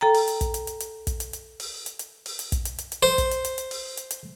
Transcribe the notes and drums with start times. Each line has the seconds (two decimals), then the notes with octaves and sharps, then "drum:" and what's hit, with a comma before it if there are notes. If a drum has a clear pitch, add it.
0.01 A4 G5 A#5
0.14 drum: open hi-hat
0.28 drum: hi-hat
0.41 drum: kick, hi-hat
0.54 drum: hi-hat
0.67 drum: hi-hat
0.80 drum: hi-hat
1.07 drum: kick, hi-hat
1.20 drum: hi-hat
1.33 drum: hi-hat
1.60 drum: open hi-hat
1.86 drum: hi-hat
1.99 drum: hi-hat
2.26 drum: open hi-hat
2.39 drum: hi-hat
2.52 drum: kick, hi-hat
2.65 drum: hi-hat
2.78 drum: hi-hat
2.92 drum: hi-hat
3.03 C5
3.18 drum: kick, hi-hat
3.31 drum: hi-hat
3.45 drum: hi-hat
3.58 drum: hi-hat
3.71 drum: open hi-hat
3.97 drum: hi-hat
4.11 drum: hi-hat